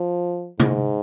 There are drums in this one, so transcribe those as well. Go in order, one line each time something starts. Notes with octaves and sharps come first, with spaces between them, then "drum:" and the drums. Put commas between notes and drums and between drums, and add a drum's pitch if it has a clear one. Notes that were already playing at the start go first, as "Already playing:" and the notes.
Already playing: F3
G#2, drum: tom C3